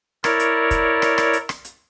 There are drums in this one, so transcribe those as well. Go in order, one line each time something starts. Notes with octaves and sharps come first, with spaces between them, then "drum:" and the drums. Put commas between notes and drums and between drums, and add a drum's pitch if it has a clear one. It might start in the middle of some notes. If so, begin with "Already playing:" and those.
E4 A#4 C#5 D5, drum: rim click
drum: hi-hat
drum: kick, hi-hat
drum: rim click
drum: rim click
drum: hi-hat
drum: rim click
drum: hi-hat